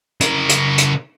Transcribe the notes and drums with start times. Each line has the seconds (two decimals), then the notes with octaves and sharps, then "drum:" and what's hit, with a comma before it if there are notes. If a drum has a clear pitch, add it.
0.21 C#3 A#4, drum: hi-hat
0.49 drum: hi-hat
0.78 drum: hi-hat